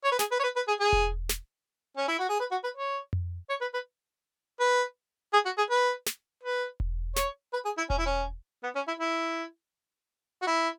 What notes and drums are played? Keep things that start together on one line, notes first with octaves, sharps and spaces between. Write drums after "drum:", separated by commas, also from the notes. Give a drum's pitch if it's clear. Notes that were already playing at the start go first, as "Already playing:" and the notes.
C#5
B4
G#4, drum: snare
B4
C#5
B4
B4
G#4
G#4
drum: kick E1
drum: snare
C#4
E4
F#4
G#4
B4
F#4
B4
C#5
drum: tom F2
C#5
B4
B4
B4
G#4
F#4
G#4
B4
drum: snare
B4
drum: kick E1
C#5, drum: snare
B4
G#4
E4
C#4, drum: kick E1
E4
C#4
B3
C#4
E4
E4
F#4
E4